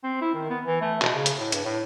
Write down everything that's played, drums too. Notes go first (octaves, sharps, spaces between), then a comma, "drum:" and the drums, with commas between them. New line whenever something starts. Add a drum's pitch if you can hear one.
C4
E4
D#3
B3
E3
A3
B2, drum: clap
C#3
drum: hi-hat
A2
G2, drum: hi-hat
A2